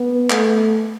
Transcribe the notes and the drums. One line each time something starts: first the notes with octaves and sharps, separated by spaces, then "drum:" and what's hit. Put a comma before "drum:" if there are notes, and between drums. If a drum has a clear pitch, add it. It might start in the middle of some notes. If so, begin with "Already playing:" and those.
Already playing: B3
A3, drum: clap